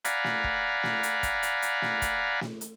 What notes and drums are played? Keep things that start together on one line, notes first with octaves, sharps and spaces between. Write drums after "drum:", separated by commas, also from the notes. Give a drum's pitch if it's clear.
D5 F5 F#5 G#5 A#5 B5, drum: hi-hat
drum: snare
drum: kick
drum: snare
drum: hi-hat
drum: kick, hi-hat
drum: hi-hat
drum: hi-hat
drum: snare
drum: kick, hi-hat
drum: snare
drum: hi-hat